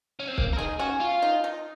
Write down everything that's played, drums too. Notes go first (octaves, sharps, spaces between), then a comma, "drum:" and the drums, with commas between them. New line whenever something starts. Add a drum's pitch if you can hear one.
C#4
C4
A#3, drum: kick
A#4
D#4 G#4
C#4 F#4
F4
D#4
D#4